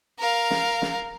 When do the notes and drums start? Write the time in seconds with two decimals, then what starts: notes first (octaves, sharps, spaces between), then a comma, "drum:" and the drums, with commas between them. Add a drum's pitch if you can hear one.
0.19 A#4 F5
0.51 drum: snare
0.82 drum: snare